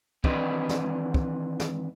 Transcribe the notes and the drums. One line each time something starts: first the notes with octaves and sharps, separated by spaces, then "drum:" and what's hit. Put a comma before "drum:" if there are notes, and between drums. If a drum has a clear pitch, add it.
D#3 E3 C4 D4 B4 D#5, drum: kick
drum: snare
drum: kick
drum: snare